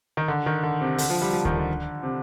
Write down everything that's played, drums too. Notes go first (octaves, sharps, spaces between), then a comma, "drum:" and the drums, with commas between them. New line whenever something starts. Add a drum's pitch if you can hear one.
D#3
D3
D#3
D3
C3
D3, drum: open hi-hat
F3
G3
F3
D#3, drum: kick D2
D3
C3